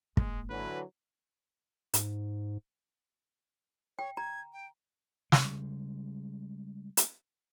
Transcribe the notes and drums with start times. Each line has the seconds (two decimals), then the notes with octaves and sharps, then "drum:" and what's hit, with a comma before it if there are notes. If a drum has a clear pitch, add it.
0.17 G#1 G#3 A#3, drum: kick
0.50 D3 E3 F#3 B4
1.94 G#2, drum: hi-hat
3.99 C#5 G5
4.17 A#5 G#6
4.53 G5
5.32 C#3 G3 G#3, drum: snare
6.97 drum: hi-hat